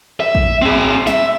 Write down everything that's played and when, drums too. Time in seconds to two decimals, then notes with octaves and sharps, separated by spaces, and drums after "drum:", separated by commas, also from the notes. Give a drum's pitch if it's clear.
0.20 E5
0.35 drum: kick
0.62 C4 G#4
1.07 E5, drum: snare